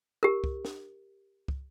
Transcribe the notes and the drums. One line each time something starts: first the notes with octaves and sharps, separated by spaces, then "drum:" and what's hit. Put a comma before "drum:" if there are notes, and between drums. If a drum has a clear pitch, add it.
G4 A#4
drum: kick
drum: snare D4
drum: kick